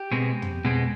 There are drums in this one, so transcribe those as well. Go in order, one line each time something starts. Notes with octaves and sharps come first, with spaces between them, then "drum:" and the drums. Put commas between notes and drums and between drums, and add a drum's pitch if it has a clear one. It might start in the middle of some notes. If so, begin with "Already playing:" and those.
Already playing: G4
B2 G#3 C4
drum: tom
B2 G#3 C4